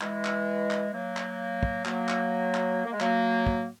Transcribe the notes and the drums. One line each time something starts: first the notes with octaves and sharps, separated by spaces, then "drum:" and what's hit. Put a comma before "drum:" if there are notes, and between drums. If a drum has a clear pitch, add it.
E3 G#3, drum: clap
drum: clap
drum: clap
F#3 A#3
drum: clap
drum: kick
F#3 A#3, drum: clap
drum: clap
drum: clap
A#3
G#3
F#3 A#3, drum: clap
drum: kick